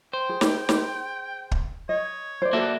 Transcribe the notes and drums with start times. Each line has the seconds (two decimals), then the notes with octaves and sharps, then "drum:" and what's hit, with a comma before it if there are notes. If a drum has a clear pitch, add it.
0.13 C5 G5
0.29 G#4
0.41 drum: snare
0.69 drum: snare
1.51 drum: kick
1.89 C#5 D#5
2.42 C5 D5
2.53 A#3 F#4 A4 B4 D5 E5